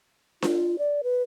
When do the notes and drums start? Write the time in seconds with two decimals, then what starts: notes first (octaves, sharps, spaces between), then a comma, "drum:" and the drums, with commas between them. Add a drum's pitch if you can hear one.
0.42 F4, drum: snare D4
0.79 D5
1.03 B4